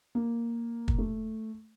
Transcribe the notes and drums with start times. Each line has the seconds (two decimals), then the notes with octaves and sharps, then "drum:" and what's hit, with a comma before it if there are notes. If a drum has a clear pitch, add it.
0.15 A#3
0.88 drum: kick
0.98 A3